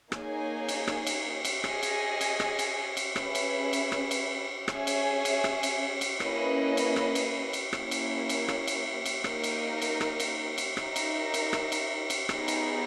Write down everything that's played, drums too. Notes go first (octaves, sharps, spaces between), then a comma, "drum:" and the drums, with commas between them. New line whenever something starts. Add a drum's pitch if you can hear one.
A#3 D#4 G#4 C#5 G#5, drum: rim click
drum: cymbal
drum: rim click
drum: cymbal
drum: cymbal
G#4 D#5 G#5, drum: rim click
drum: cymbal
drum: cymbal
drum: rim click
drum: cymbal
drum: cymbal
C#4 G#4 B4 E5, drum: rim click
drum: cymbal
drum: cymbal
drum: rim click
drum: cymbal
C#4 G#4 C#5 E5 G#5, drum: rim click
drum: cymbal
drum: cymbal
drum: rim click
drum: cymbal
drum: cymbal
A#3 C#4 E4 B4 D#5, drum: rim click
drum: cymbal
drum: rim click
drum: cymbal
drum: cymbal
A#3 C#4 E4, drum: rim click
drum: cymbal
drum: cymbal
drum: rim click
drum: cymbal
drum: cymbal
A#3 D#4 A#4, drum: rim click
drum: cymbal
drum: cymbal
drum: rim click
drum: cymbal
drum: cymbal
D#4 A#4 E5, drum: rim click
drum: cymbal
drum: cymbal
drum: rim click
drum: cymbal
drum: cymbal
B3 D#4 G#4, drum: rim click
drum: cymbal